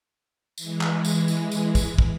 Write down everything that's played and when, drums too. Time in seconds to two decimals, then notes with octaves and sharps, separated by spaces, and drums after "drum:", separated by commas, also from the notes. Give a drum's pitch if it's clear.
0.58 E3 G#3, drum: tambourine
0.81 drum: clap
1.05 drum: tambourine
1.28 drum: tambourine
1.52 drum: tambourine
1.75 drum: kick, tambourine
1.98 drum: kick